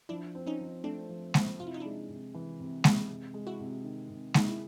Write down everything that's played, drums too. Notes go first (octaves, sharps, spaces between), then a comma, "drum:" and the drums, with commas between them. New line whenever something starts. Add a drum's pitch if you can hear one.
F3 D4 E4
C4
C#4 D#4
F3
A3 C4 D4
F3
C4, drum: snare G#3
C3 F4
E4
D#4
G#3 D4 E4
C3
E3
C3
G#3, drum: snare G#3
C3
G#3
E4 F#4
C3
D#3
C3
G#3 D#4, drum: snare G#3
E4